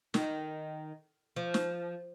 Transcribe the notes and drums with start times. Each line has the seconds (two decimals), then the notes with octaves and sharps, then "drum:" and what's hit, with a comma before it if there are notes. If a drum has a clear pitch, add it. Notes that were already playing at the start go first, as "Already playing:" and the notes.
0.14 D#3, drum: snare
1.36 F3
1.54 drum: snare